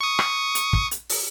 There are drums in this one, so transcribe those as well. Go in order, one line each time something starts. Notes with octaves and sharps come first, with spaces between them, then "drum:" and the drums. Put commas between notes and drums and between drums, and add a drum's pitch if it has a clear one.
C#6 D#6
drum: rim click
drum: hi-hat
drum: kick
drum: hi-hat
drum: open hi-hat